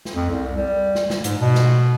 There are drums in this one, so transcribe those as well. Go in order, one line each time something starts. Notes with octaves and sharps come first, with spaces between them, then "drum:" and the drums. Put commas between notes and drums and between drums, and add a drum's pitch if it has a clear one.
drum: snare
F2
C2
G3
drum: snare
drum: snare
G#2, drum: hi-hat
B2
drum: snare